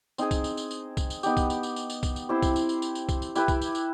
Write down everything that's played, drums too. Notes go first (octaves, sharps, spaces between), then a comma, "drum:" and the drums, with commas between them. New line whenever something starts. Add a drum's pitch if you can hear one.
C4 D#4 G#4, drum: tambourine
drum: kick C2, tambourine
drum: tambourine
drum: tambourine
drum: tambourine
drum: kick C2, tambourine
drum: tambourine
B3 D#4 G4, drum: tambourine
drum: kick C2, tambourine
drum: tambourine
drum: tambourine
drum: tambourine
drum: tambourine
drum: kick C2, tambourine
drum: tambourine
C4 E4 G4 C5
drum: kick C2, tambourine
drum: tambourine
drum: tambourine
drum: tambourine
drum: tambourine
drum: kick C2, tambourine
drum: tambourine
E4 G4 B4 E5, drum: tambourine
drum: kick C2, tambourine
drum: tambourine
drum: tambourine